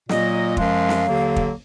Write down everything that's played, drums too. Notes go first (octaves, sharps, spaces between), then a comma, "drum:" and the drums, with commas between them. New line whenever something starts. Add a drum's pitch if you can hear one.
A#2 F#3 A#3 D#5, drum: snare
F#2 F3 G#3 F5, drum: kick
drum: snare
D#2 D3 F#3 A#3
drum: kick